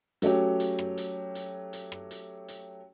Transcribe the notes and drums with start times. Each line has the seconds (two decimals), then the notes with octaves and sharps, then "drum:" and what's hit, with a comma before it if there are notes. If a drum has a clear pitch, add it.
0.22 F#3 A3 C#4 G4, drum: hi-hat
0.60 drum: hi-hat
0.79 drum: rim click
0.98 drum: hi-hat
1.35 drum: hi-hat
1.73 drum: hi-hat
1.92 drum: rim click
2.11 drum: hi-hat
2.48 drum: hi-hat